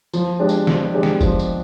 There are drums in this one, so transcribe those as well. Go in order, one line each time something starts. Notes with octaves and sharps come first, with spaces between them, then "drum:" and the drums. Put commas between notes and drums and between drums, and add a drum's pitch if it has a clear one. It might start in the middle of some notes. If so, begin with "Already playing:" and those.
F3, drum: tambourine
G#3 D4 G4
drum: tambourine
F3, drum: snare
G#3 D4 G4
drum: snare
F3, drum: kick F1, tambourine
drum: tambourine